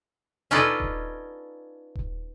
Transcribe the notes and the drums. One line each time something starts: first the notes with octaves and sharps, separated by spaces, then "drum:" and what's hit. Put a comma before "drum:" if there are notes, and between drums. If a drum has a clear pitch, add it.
C#4 D#4 F4 A4 B4 D5, drum: tom B2
drum: kick D#1
drum: kick D#1